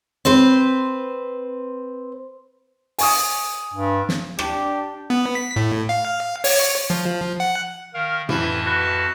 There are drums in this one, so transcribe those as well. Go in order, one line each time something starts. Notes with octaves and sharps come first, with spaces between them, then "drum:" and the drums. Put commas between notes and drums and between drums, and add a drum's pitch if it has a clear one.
C4 B4 C5
G#5 C#6 D#6, drum: open hi-hat
G2
drum: snare
D4 G4, drum: rim click
B3
B6
A2
F5
C#5, drum: open hi-hat
F3
F#5
D#3 A#4 F5
F2 E3 B4 A5, drum: tom A2
F#4 B4